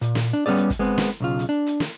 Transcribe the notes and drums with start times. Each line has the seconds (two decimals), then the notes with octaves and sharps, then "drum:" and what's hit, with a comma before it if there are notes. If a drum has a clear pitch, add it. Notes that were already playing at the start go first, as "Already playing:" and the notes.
0.01 A#2, drum: hi-hat
0.15 drum: snare
0.33 D4
0.46 G3 B3 C#4 G#4 D5
0.56 drum: hi-hat
0.70 drum: kick, hi-hat
0.79 G#3 B3 C4
0.98 drum: snare
1.20 B1 C#3 F4
1.39 drum: hi-hat
1.49 D4
1.66 drum: hi-hat
1.80 drum: snare